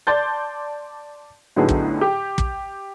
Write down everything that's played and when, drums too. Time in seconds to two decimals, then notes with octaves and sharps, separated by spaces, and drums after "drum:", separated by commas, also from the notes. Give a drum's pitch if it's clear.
0.07 D5 A5 C6 G6 A6
1.56 A2 D3 F#3 B3 D#4 G#4
1.69 drum: kick
2.01 G4
2.38 drum: kick